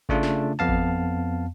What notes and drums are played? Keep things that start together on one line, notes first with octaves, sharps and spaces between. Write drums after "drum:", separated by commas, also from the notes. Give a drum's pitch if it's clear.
C#3 A3 D4 F4, drum: kick G#1
drum: snare
F2 B3 F5 A5
drum: kick G#1